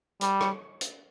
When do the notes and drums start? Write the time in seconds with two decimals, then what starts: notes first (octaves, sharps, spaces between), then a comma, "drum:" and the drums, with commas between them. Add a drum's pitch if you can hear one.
0.21 G3, drum: hi-hat
0.41 drum: rim click
0.81 drum: hi-hat